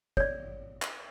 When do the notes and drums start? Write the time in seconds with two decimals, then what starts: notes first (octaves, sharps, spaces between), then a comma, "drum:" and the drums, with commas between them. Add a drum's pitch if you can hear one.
0.17 C#5 D5, drum: kick
0.82 drum: clap